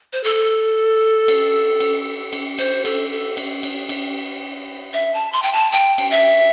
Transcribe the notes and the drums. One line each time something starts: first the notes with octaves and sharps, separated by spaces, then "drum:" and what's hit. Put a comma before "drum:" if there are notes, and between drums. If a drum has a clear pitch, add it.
C5
A4
drum: cymbal
drum: cymbal
drum: cymbal
C5, drum: cymbal
A4, drum: cymbal
A4
drum: cymbal
drum: cymbal
drum: cymbal
E5
A5
C6
G5
A5
G5
drum: cymbal
E5